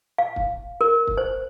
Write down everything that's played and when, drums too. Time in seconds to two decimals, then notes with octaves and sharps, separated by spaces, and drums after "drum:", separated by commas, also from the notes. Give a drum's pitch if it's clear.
0.18 F5
0.36 drum: kick
0.81 A#4
1.07 drum: kick
1.18 C5